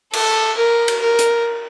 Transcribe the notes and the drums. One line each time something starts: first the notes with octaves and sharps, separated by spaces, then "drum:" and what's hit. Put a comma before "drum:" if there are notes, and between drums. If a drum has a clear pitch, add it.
A4, drum: cymbal
A#4
drum: cymbal
A#4
drum: hi-hat